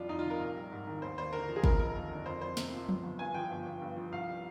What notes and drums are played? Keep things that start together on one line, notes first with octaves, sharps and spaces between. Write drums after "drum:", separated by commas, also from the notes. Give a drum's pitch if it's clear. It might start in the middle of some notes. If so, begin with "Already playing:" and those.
Already playing: F1 F3 G3 D4 F4
F2 D#4
F4
C3
A#4
A#1
G3
G#2
D#3
D#2 C5
D#2 C5
D3 A#4
F3
G#4
F1 A#4, drum: kick
F1 A#4
D#2
D3
F2 C5
F2 C5
C3, drum: snare
F3
G1, drum: tom F3
G1
G2 G#5
F3 G5
G1
G1
G2
F3
C2 F5
G3